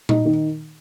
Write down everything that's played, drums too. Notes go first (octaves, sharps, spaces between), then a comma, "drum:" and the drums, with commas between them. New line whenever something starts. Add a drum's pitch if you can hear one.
D#4, drum: tom A#2
D#3